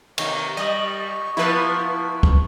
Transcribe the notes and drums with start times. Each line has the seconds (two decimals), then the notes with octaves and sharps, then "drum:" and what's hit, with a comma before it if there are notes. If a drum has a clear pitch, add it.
0.18 C3 D#3 A#3 C#6, drum: cymbal
0.57 G3 D#5
1.37 F3 A#3 B3 E4 B4
2.23 drum: kick